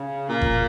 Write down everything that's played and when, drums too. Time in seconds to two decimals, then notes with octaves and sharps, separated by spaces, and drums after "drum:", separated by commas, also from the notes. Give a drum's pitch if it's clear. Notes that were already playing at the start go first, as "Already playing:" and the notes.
Already playing: C#3
0.29 A#2
0.41 drum: kick F#1